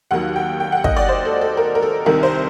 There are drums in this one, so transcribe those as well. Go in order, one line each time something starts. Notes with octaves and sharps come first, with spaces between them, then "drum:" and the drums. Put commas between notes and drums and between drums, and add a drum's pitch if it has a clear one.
D#2 D#3 F#3 F#5
G5
G5
F#5
D#5, drum: kick
D5
C5
A4
A4
A#4
A#4
A4
C2 C3 D#3 A#4
C5